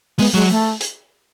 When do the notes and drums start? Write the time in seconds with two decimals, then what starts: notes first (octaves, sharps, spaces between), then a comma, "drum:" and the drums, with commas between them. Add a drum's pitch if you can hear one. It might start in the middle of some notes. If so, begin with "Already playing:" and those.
0.19 G#3 B3, drum: open hi-hat
0.34 F#3 G#3
0.50 A3
0.81 drum: hi-hat